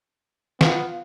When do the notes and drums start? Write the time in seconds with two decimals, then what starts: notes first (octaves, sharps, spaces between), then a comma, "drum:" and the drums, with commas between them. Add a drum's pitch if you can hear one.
0.61 B3 F4 F5, drum: snare